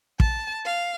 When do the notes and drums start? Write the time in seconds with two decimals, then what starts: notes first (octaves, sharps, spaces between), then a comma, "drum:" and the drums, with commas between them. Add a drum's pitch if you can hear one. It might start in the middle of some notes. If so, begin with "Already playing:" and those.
0.20 A5, drum: kick
0.65 F5